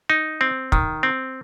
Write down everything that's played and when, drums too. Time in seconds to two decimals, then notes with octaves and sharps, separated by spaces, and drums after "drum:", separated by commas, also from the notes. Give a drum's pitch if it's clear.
0.10 D#4
0.41 C4
0.72 D#3, drum: kick
1.03 C4